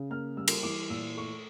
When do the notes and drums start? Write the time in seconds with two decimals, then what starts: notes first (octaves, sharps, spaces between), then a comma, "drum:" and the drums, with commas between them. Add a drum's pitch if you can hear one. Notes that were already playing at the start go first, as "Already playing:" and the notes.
Already playing: C#3
0.10 A#3 F6
0.37 G3 E6
0.48 drum: cymbal
0.63 E3 D6
0.90 A#2 E6
1.16 A3 C#6